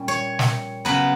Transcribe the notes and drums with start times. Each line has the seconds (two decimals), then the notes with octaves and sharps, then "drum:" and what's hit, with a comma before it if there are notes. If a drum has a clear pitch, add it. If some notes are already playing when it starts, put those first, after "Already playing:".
Already playing: A#2 G3 C#4
0.08 C#5
0.39 drum: snare
0.85 C#3 F#3 B3 B4